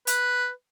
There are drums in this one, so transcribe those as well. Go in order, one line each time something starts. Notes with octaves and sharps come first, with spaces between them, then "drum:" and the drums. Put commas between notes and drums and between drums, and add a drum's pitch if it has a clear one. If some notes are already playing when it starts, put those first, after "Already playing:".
B4, drum: hi-hat